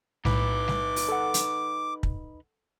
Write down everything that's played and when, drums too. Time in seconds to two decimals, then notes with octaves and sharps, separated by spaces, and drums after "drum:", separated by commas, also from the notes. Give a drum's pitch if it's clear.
0.25 B1 A2 D#4 B4 D6, drum: snare G3
0.68 drum: snare G3
0.96 drum: open hi-hat
1.09 A4 F#5
1.34 drum: hi-hat
2.03 drum: kick